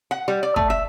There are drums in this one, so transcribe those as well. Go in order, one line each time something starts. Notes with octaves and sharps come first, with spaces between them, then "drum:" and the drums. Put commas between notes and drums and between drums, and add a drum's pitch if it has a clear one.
F#5
G3
D5
A3, drum: kick
E5